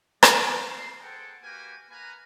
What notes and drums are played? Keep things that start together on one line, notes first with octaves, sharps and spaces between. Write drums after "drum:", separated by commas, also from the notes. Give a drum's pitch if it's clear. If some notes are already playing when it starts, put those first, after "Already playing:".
G3 G#3 D5, drum: rim click
A3 F#4 A#4 C6
G#4 A4 C5 F#5 G5
A#3 F#4 G4 B4 G5 G#5
A#3 B4 F#5 G#5 A#5